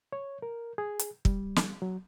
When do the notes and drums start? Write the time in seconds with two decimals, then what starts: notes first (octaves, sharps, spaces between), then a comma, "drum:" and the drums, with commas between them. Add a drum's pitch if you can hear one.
0.12 C#5
0.42 A#4
0.78 G#4
0.99 drum: hi-hat
1.25 G3, drum: kick
1.56 drum: snare
1.82 F#3